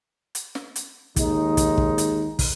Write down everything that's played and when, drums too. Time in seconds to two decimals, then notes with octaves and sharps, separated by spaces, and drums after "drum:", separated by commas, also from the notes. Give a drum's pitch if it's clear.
0.35 drum: hi-hat
0.55 drum: snare
0.76 drum: hi-hat
1.16 D#2 G#3 D#4, drum: kick, hi-hat
1.57 drum: kick, hi-hat
1.78 drum: kick
1.98 drum: hi-hat
2.39 drum: kick, open hi-hat